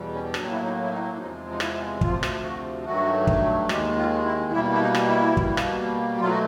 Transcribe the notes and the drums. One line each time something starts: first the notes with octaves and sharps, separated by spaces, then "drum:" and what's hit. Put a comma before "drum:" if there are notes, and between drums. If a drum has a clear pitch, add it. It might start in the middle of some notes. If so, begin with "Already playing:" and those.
Already playing: E2 B2 G3
C#4
A2 F#3 A#3 D4, drum: rim click
E4
D#4
E4
D#4
E2 C3 F3 G#3 D#4
D#4
E4, drum: rim click
D2 C3 F3 F4, drum: kick
drum: rim click
F#4
G2 D#3 F#3 A3 F#4
drum: kick
D#2 D#3 G#3 G4, drum: rim click
F4
E4
B2 G3 A#3 E4
E4
D#4
drum: rim click
E4
B2 G3 A#3, drum: kick
drum: rim click
B2 F#3 A3 F4
F#4